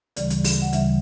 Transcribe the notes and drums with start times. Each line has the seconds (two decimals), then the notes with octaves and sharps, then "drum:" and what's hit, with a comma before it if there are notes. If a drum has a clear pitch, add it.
0.17 D2 C#3 E3 G3 D5, drum: hi-hat
0.30 drum: hi-hat
0.44 drum: open hi-hat
0.62 F#5
0.73 D2 C#3 E3 G3 E5, drum: hi-hat